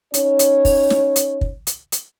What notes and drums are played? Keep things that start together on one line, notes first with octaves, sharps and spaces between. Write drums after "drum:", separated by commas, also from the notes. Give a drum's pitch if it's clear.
C#4 D#4 C#5, drum: hi-hat
drum: hi-hat
drum: kick, open hi-hat
drum: snare
drum: hi-hat
drum: kick
drum: hi-hat
drum: hi-hat